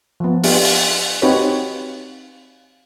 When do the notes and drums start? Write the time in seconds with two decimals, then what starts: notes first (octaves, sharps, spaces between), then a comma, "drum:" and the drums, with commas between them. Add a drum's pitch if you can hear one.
0.20 F3 B3
0.44 B3 G4, drum: open hi-hat
0.65 drum: open hi-hat
1.22 C4 D#4 F#4 G4 B4 C#5